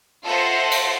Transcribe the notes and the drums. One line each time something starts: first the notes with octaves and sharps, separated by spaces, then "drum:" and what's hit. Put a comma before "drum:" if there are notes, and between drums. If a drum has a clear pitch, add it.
F4 A4 C5 D#5 E5 F#5
drum: cymbal